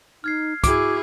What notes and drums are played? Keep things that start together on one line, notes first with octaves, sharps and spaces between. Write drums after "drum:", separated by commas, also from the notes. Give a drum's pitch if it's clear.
D#4 F6 G#6 C7
E4 F#4 G#4 D6, drum: kick, hi-hat